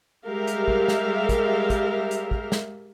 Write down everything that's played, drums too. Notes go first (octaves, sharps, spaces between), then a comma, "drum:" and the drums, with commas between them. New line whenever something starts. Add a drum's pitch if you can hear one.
G3 G#3 G4 A#4 E5 F5
drum: hi-hat
drum: kick
drum: snare
drum: kick, hi-hat
drum: kick, hi-hat
drum: hi-hat
drum: kick
drum: snare